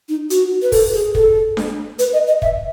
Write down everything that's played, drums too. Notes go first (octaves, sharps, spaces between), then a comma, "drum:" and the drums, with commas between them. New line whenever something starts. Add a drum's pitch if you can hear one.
D#4
F#4, drum: hi-hat
B4
A4, drum: kick, open hi-hat
G#4
A4, drum: kick
drum: snare D4
B4, drum: hi-hat
D#5
D#5
E5, drum: kick